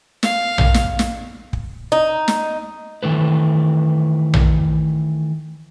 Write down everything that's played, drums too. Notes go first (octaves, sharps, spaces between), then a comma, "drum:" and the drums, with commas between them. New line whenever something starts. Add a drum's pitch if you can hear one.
F5, drum: snare
drum: tom A#1
drum: snare
drum: snare
drum: kick
D#4
drum: snare
D#3 E3 A3 B4
drum: tom A#1